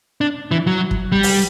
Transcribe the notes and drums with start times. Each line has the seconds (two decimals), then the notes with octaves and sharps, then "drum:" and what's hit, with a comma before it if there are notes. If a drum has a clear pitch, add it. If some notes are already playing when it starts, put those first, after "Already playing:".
0.21 D4
0.51 E3
0.67 F#3
0.91 drum: kick
1.12 G3
1.23 drum: open hi-hat